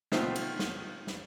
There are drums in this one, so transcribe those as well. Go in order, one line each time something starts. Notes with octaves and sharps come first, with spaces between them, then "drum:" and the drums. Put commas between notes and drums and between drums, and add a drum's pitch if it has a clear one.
B2 D#3 F3 A3 C4, drum: snare
drum: cymbal
drum: snare
drum: snare